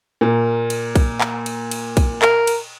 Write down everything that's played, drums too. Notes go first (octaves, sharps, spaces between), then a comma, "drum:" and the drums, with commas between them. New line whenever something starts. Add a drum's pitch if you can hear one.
A#2 A#3
drum: cymbal
drum: kick, cymbal
drum: clap
drum: cymbal
drum: cymbal
drum: kick, cymbal
A#4, drum: clap
drum: cymbal